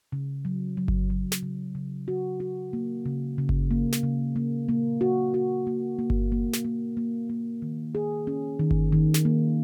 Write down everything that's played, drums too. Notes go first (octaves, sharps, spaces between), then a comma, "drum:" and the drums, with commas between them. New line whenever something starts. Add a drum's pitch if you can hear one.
C#3
F#3
F#3
drum: kick G1
F#3
drum: snare
C#3
C#3
F#4
F#4
A#3
C#3
C#3
drum: kick G1
A#3
drum: snare
C#3
A#3
A#3
F#4
F#4
A#3
A#3
drum: kick G1
A#3
drum: snare
A#3
A#3
A#3
D#3
G#4
C#4
D#3
drum: kick G1
D#3
drum: snare
A#3